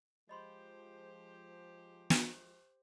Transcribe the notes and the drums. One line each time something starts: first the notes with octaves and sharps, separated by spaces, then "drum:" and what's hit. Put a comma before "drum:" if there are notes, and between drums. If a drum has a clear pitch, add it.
F3 G#3 G4 C5 D#5 B5 C6
drum: snare